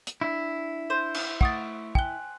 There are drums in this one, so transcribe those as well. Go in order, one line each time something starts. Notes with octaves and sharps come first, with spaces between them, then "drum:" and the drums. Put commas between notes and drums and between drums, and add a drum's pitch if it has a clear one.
drum: hi-hat
D4 E4
C5
drum: cymbal
A3 F#5 C#6 D#6 A6 D7, drum: kick
G5 G#5 F#6 G7, drum: kick